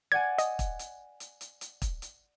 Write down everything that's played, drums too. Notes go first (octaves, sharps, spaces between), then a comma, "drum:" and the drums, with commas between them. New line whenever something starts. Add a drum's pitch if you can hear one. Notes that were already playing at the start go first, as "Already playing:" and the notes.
D5 F#5 G#5 G#6
D#5, drum: hi-hat
drum: kick, hi-hat
drum: hi-hat
drum: hi-hat
drum: hi-hat
drum: hi-hat
drum: kick, hi-hat
drum: hi-hat